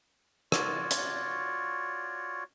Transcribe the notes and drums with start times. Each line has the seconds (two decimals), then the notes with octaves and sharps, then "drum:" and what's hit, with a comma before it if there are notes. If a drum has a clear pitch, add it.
0.52 F4 F#4 C#5 D5, drum: rim click
0.91 drum: hi-hat